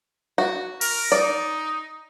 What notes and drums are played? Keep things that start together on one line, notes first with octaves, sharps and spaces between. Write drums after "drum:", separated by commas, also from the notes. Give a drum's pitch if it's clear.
F#4
A#4, drum: open hi-hat
D#4 D5